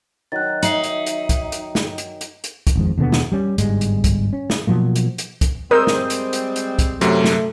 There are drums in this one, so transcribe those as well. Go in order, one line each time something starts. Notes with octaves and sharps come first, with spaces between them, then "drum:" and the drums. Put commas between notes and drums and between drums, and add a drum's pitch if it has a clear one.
D#3 F#3 F#6 A6
D#4 E5 C7 F#7, drum: hi-hat
drum: hi-hat
drum: hi-hat
drum: kick, hi-hat
drum: hi-hat
drum: snare
drum: hi-hat
drum: hi-hat
drum: hi-hat
drum: kick, hi-hat
G#1 F2 G#2
D#2 B2 D3 B3
drum: snare
G3 C#4
G1 G#2 G3 G#3, drum: hi-hat
drum: hi-hat
drum: kick, hi-hat
C#4
drum: snare
B2 F3 F#3 A#3
drum: hi-hat
drum: hi-hat
drum: kick, hi-hat
G3 G#3 C4 A#4 C5 D#6 E6 G6
drum: snare
drum: hi-hat
drum: hi-hat
drum: hi-hat
drum: kick, hi-hat
F#2 C3 F#3 A3, drum: hi-hat
drum: snare